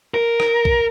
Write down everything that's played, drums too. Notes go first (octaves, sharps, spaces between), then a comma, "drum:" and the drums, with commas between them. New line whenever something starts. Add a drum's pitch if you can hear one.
A#4
drum: rim click
drum: kick B1